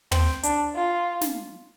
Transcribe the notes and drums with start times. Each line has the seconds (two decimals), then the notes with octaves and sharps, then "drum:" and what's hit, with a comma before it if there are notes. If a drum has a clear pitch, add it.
0.12 C4, drum: tom
0.43 D4, drum: hi-hat
0.75 F4
1.21 drum: snare